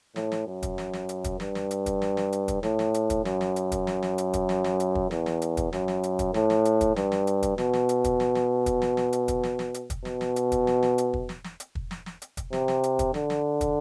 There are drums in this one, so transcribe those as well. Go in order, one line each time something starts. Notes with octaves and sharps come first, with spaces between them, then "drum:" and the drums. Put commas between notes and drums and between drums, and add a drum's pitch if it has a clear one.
A2, drum: snare
drum: snare
F#2
drum: kick, hi-hat
drum: snare
drum: snare
drum: hi-hat
drum: kick, hi-hat
G2, drum: snare
drum: snare
drum: hi-hat
drum: kick, hi-hat
drum: snare
drum: snare
drum: hi-hat
drum: kick, hi-hat
A2, drum: snare
drum: snare
drum: hi-hat
drum: kick, hi-hat
F#2, drum: snare
drum: snare
drum: hi-hat
drum: kick, hi-hat
drum: snare
drum: snare
drum: hi-hat
drum: kick, hi-hat
drum: snare
drum: snare
drum: hi-hat
drum: kick
E2, drum: snare
drum: snare
drum: hi-hat
drum: kick, hi-hat
F#2, drum: snare
drum: snare
drum: hi-hat
drum: kick, hi-hat
A2, drum: snare
drum: snare
drum: hi-hat
drum: kick, hi-hat
G2, drum: snare
drum: snare
drum: hi-hat
drum: kick, hi-hat
B2, drum: snare
drum: snare
drum: hi-hat
drum: kick, hi-hat
drum: snare
drum: snare
drum: kick, hi-hat
drum: snare
drum: snare
drum: hi-hat
drum: kick, hi-hat
drum: snare
drum: snare
drum: hi-hat
drum: kick, hi-hat
B2, drum: snare
drum: snare
drum: hi-hat
drum: kick, hi-hat
drum: snare
drum: snare
drum: hi-hat
drum: kick
drum: snare
drum: snare
drum: hi-hat
drum: kick
drum: snare
drum: snare
drum: hi-hat
drum: kick, hi-hat
C3, drum: snare
drum: snare
drum: hi-hat
drum: kick, hi-hat
D3, drum: snare
drum: snare
drum: kick, hi-hat